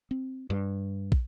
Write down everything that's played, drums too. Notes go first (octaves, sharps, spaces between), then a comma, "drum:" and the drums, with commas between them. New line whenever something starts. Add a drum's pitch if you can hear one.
C4
G2
drum: kick